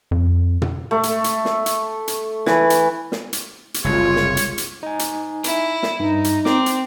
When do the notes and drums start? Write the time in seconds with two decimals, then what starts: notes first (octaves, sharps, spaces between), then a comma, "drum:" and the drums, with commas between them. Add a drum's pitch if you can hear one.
0.11 F2
0.62 drum: tom
0.91 A3
1.03 drum: hi-hat
1.24 drum: hi-hat
1.45 drum: snare
1.66 drum: hi-hat
2.08 drum: hi-hat
2.46 E3, drum: snare
2.70 drum: hi-hat
3.12 drum: snare
3.33 drum: hi-hat
3.74 drum: hi-hat
3.84 F#1 C2 G#3 F4 C#5
4.16 drum: snare
4.37 drum: hi-hat
4.58 drum: hi-hat
4.83 D#4 G#5
4.99 drum: hi-hat
5.44 E4, drum: hi-hat
5.83 drum: snare
6.00 G2 D#4
6.24 drum: hi-hat
6.45 C4 D6, drum: snare
6.66 drum: hi-hat